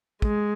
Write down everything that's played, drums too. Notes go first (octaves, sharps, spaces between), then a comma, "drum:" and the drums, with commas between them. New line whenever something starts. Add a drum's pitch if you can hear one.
G#3, drum: kick